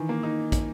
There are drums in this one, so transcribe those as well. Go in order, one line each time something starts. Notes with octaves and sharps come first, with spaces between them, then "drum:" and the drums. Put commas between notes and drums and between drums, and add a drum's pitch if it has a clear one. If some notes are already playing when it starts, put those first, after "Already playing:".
Already playing: D#3 E3
A#3
D#4
drum: kick, hi-hat